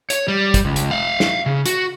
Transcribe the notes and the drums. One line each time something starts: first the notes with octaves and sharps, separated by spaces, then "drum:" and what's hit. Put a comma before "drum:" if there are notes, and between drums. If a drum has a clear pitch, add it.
C#5, drum: hi-hat
G3
drum: kick, hi-hat
C#2
drum: hi-hat
F5 F#5
drum: snare
C#3
F#4, drum: hi-hat